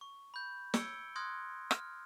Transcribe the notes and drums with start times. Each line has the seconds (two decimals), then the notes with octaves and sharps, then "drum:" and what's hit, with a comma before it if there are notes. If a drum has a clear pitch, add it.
0.01 C#6
0.34 B5 G6
0.74 E6 G#6 C#7 D7 G7, drum: snare
1.16 C6 D#6 F6 F#6 G#6 A#6
1.71 F6, drum: rim click